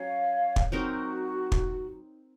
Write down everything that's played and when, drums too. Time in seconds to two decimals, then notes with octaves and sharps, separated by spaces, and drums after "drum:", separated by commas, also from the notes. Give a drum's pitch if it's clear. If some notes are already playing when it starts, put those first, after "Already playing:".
Already playing: F#3 C#4 C#5 F5
0.56 drum: kick
0.72 F#3 C4 D#4 F#4 A#4
1.52 drum: kick